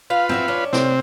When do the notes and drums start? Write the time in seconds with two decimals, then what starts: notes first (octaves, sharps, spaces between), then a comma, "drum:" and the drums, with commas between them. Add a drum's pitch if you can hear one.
0.10 F4 B4 F5
0.29 C4 F#4 E5, drum: tom G2
0.48 C#4 D4
0.73 C3 C4, drum: snare